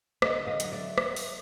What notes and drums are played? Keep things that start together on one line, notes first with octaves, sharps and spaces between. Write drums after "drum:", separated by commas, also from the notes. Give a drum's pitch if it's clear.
D3 D#5 F5, drum: rim click
D#5 F5
F#3, drum: hi-hat
D5 E5
drum: rim click
drum: open hi-hat